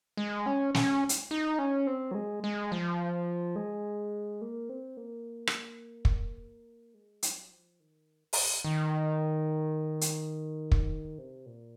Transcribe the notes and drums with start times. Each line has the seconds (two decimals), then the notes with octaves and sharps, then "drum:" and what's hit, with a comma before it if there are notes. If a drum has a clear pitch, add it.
0.17 G#3
0.46 C#4
0.75 C#4, drum: snare
1.09 drum: hi-hat
1.31 D#4
1.59 C#4
1.87 C4
2.11 F#3
2.15 G#3
2.44 G#3
2.72 F3
3.56 G#3
4.41 A#3
4.69 C4
4.97 A#3
5.47 drum: rim click
6.05 drum: kick
6.94 G#3
7.23 F#3, drum: hi-hat
7.51 F3
7.80 D#3
8.33 drum: open hi-hat
8.65 D#3
10.01 drum: hi-hat
10.72 drum: kick
11.18 C3
11.46 A#2